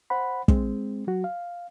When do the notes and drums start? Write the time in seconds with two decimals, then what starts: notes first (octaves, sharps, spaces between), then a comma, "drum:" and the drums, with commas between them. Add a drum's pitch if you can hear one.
0.10 C5 F#5 B5
0.48 G#3 C4, drum: kick
1.07 F#3 F#4
1.24 F5